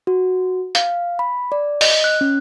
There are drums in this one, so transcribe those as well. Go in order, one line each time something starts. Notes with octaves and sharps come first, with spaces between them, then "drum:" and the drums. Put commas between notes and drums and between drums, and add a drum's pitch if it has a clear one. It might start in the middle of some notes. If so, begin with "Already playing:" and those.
F#4
F5, drum: hi-hat
B5
D5
D#5, drum: open hi-hat
F#6
C#4